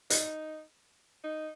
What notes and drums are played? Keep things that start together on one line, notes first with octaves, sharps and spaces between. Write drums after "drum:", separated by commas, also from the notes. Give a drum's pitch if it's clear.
D#4, drum: hi-hat
D#4